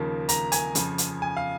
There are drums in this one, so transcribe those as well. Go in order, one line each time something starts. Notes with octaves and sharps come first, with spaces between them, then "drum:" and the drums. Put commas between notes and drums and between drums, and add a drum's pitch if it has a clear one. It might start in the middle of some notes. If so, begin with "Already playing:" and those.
Already playing: D#2 C#3 F3 A#3
A#5, drum: hi-hat
G#5, drum: hi-hat
F2 C#3 F3, drum: hi-hat
drum: hi-hat
G#5
F5